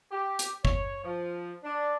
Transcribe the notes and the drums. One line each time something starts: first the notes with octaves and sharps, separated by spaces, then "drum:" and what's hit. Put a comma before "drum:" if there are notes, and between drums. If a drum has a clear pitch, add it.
G4
drum: hi-hat
C#5, drum: kick G1
F3
D4